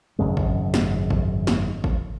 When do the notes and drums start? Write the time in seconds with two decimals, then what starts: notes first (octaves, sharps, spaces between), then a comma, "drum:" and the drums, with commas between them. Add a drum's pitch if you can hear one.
0.19 G#1 F#2 C#3 G#3
0.37 drum: kick G#1
0.74 drum: snare
1.10 drum: kick G#1
1.47 drum: snare
1.84 drum: kick G#1